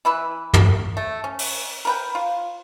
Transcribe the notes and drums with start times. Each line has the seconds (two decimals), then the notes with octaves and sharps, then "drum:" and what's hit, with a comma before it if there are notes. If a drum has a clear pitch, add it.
0.05 E3 E4 B4
0.54 drum: tom
0.97 A3
1.24 C#4
1.39 drum: open hi-hat
1.85 A#4 B4 G5
2.15 F4